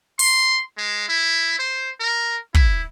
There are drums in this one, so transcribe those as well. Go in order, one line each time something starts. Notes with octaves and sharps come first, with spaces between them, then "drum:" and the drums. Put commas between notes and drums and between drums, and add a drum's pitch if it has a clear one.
C6, drum: open hi-hat
G#3
E4
C5
A#4
E4, drum: kick